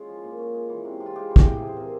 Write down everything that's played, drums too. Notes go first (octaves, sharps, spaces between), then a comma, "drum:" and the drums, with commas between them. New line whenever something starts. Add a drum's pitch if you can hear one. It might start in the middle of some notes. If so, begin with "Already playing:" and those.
Already playing: G#3 C#4 F4
F3
A#2
C#4
G#3
E3
C3
C3
F4
G#3 G4
E3
G4, drum: kick
C3
G#4
C3
C5
C4 A#4